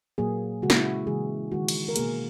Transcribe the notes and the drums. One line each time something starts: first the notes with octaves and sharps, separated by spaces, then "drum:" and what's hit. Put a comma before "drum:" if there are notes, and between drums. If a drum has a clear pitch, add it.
A#2 F#3 A#3 G#4
C#3 G#3 F#4
E4, drum: snare
F#4
C#3 E3 G#3 G#4
D#3 G#3 F#4
drum: cymbal
A#4
B2 A#3 G#4, drum: hi-hat